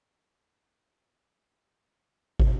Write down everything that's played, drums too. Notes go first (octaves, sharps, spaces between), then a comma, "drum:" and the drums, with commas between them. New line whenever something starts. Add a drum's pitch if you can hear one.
G4
G5
G4
G5
D4
G4 G5
D4
D4 A5
D4
G4 A#5
G4
D4
D4
drum: kick